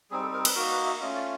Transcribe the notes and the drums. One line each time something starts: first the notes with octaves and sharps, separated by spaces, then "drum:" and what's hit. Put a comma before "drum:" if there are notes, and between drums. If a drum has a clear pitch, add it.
G3 C4 D#4 G#4
A4
A#4
B4, drum: cymbal
A#3 D#4 F#4 A#4
B4
E5
A3 C#4 F4 D#5
D5